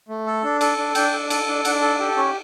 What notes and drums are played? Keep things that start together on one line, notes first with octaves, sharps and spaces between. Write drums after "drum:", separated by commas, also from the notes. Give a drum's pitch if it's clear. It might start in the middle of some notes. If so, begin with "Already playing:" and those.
A3
A4
D4
A4, drum: cymbal
D4
D4 G5, drum: cymbal
A4
A4, drum: cymbal
D4
D4 F#5, drum: cymbal
A4
G4 A4
C#4